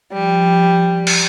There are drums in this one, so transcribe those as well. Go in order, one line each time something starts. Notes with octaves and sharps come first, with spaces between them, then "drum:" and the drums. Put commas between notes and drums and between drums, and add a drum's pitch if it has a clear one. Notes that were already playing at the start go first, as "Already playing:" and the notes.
F3 G3
drum: cymbal